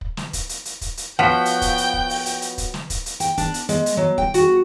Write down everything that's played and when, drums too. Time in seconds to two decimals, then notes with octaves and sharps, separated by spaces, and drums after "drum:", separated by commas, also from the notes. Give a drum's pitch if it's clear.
0.01 drum: kick
0.17 drum: snare
0.33 drum: kick, hi-hat
0.49 drum: hi-hat
0.65 drum: hi-hat
0.81 drum: kick, hi-hat
0.97 drum: hi-hat
1.19 F3 B3 F#4 C#5 F#5 G5 B6
1.45 drum: hi-hat
1.62 drum: kick, hi-hat
1.78 drum: hi-hat
1.94 drum: kick
2.10 drum: open hi-hat
2.26 drum: hi-hat
2.42 drum: hi-hat
2.58 drum: kick, hi-hat
2.74 drum: snare
2.90 drum: kick, hi-hat
3.06 drum: hi-hat
3.20 G5, drum: hi-hat
3.38 D4, drum: kick, hi-hat
3.54 drum: hi-hat
3.69 G#3, drum: hi-hat
3.86 drum: hi-hat
3.97 F#3
4.18 G5, drum: kick
4.34 F#4, drum: hi-hat